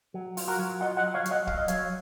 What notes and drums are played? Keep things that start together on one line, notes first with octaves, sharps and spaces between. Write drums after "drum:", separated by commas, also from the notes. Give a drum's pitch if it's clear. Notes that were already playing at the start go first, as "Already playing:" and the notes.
F#3
F4, drum: open hi-hat
F#4 A#4
F#3
F4 D#5 F#5
D#5 F#5
F#3
C#5 F5
F#3, drum: hi-hat
D#5 F#5
F#3 F5, drum: kick C#1
D#5
F#3 C#5 F5, drum: hi-hat